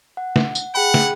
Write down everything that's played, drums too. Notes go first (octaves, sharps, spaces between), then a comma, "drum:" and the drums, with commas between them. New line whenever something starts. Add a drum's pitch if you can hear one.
F#5
drum: snare
drum: tambourine
G#4 F#5 G5 B5
drum: snare